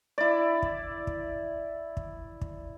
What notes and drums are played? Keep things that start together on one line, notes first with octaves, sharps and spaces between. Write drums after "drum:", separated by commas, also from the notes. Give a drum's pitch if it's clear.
E4 D5
drum: kick
drum: kick
drum: kick
drum: kick